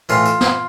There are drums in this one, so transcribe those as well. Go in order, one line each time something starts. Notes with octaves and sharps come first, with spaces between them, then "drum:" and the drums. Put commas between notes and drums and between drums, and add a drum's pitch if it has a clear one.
A2 E3 F4, drum: hi-hat
drum: hi-hat
drum: snare